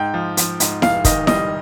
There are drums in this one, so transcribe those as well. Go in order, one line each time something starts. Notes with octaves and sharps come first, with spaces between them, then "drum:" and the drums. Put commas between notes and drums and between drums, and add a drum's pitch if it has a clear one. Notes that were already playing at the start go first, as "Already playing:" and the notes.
Already playing: G#2 G5
F3
F3, drum: hi-hat
G#2, drum: hi-hat
F1 F5, drum: snare E4
D#3 D#5, drum: kick, hi-hat
G3 D#5, drum: snare E4